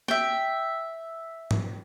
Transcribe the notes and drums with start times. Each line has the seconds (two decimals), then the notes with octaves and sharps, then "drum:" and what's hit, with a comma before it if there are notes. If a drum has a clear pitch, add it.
0.08 E5 G5, drum: snare
1.51 drum: tom